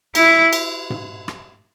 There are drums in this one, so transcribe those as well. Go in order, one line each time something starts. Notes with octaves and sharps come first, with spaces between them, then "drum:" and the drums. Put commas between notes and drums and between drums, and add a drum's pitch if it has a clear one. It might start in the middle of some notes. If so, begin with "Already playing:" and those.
E4, drum: cymbal
drum: cymbal
drum: tom G#2
drum: rim click